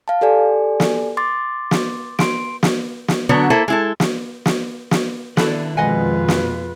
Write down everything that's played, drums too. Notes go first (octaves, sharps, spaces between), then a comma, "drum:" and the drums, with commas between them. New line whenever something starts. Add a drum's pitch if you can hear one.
F5 A5
G4 A4 D5 G#5
drum: snare
C6 D6 A6
drum: snare
C6 D7, drum: snare
drum: snare
drum: snare
D3 F#3 B3 D4 F#4
A#3 E4 A4 C5
G#3 E4 A4
drum: snare
drum: snare
drum: snare
D#3 D4 E4 A4 B4 D5, drum: snare
F2 B2 G#3 F4 B4 D#5 F#5 G#5
drum: snare